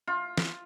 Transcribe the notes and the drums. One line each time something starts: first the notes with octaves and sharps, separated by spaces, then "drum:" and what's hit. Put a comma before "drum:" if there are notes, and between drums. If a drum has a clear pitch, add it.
F4
drum: snare